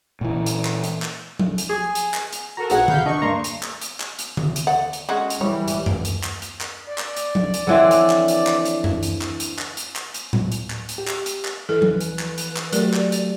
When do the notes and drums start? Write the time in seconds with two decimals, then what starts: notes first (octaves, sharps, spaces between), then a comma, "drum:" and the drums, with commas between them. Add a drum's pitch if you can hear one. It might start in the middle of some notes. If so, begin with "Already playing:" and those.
0.21 A#2 E3
0.46 drum: hi-hat
0.65 drum: clap
0.84 drum: hi-hat
1.02 drum: clap
1.39 drum: tom F3
1.58 drum: hi-hat
1.69 G#4
1.95 drum: hi-hat
2.14 drum: clap
2.33 drum: hi-hat
2.57 F#4 A4 A#4 A#5
2.70 A#1 G#4 B4 F#5 F#6 G#6, drum: hi-hat
2.88 F5 B5 G6, drum: tom D3
3.06 D4 D#5 C#6
3.22 G2 A#3 A#5 C6
3.44 drum: hi-hat
3.63 drum: clap
3.81 drum: hi-hat
4.00 drum: clap
4.19 drum: hi-hat
4.37 drum: tom D3
4.56 drum: hi-hat
4.67 D5 F#5
4.93 drum: hi-hat
5.09 G#3 C#4 F#4
5.30 drum: hi-hat
5.41 E3 G3 C#5
5.68 drum: hi-hat
5.86 drum: tom F#2
6.05 drum: hi-hat
6.23 drum: clap
6.42 drum: hi-hat
6.61 drum: clap
6.88 D5
6.98 drum: clap
7.17 drum: hi-hat
7.35 drum: tom F3
7.54 drum: hi-hat
7.67 D3 E3 F3 C4 C#5 E5
7.91 drum: hi-hat
8.10 drum: clap
8.28 drum: hi-hat
8.47 drum: clap
8.65 drum: hi-hat
8.84 drum: tom F#2
9.03 drum: hi-hat
9.21 drum: clap
9.40 drum: hi-hat
9.59 drum: clap
9.77 drum: hi-hat
9.96 drum: clap
10.14 drum: hi-hat
10.33 drum: tom A2
10.52 drum: hi-hat
10.70 drum: clap
10.89 drum: hi-hat
10.98 G4
11.07 drum: clap
11.26 drum: hi-hat
11.45 drum: clap
11.69 E3 A4 B4
11.82 drum: tom F3
12.01 drum: hi-hat
12.19 drum: clap
12.38 drum: hi-hat
12.56 drum: clap
12.73 F#3 A3 G4 A#4 D5, drum: hi-hat
12.94 drum: clap
13.12 drum: hi-hat